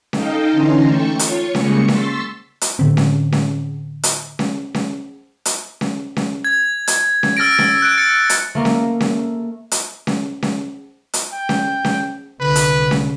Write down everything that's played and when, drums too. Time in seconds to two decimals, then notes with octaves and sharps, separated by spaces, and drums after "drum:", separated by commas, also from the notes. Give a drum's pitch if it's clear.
0.13 D#4 A4 D#5 F5 G5, drum: snare C#4
0.52 D3 E3 C#4 D#4 A#5 C6
0.86 A3 A4 G5 C#6 C#7
1.19 F4 C#5 C#6, drum: hi-hat
1.55 C#3 G3 G#3 A#3 C#6 C#7, drum: snare C#4
1.88 C6 C#6 E6 A6 B6, drum: snare C#4
2.61 drum: hi-hat
2.79 A2 D3 C4
2.97 drum: snare C#4
3.32 drum: snare C#4
4.03 drum: hi-hat
4.39 drum: snare C#4
4.74 drum: snare C#4
5.45 drum: hi-hat
5.81 drum: snare C#4
6.16 drum: snare C#4
6.45 G#6
6.87 drum: hi-hat
7.23 drum: snare C#4
7.37 E6 F6 A6 A#6 D7
7.58 drum: snare C#4
7.82 F#6 D7
7.97 A6 C#7 D7
8.29 drum: hi-hat
8.55 A3 A#3 A#4
8.65 drum: snare C#4
9.00 drum: snare C#4
9.71 drum: hi-hat
10.07 drum: snare C#4
10.43 drum: snare C#4
11.14 drum: hi-hat
11.33 G5
11.49 drum: snare C#4
11.85 drum: snare C#4
12.40 C2 D3 B4
12.56 drum: hi-hat
12.91 drum: snare C#4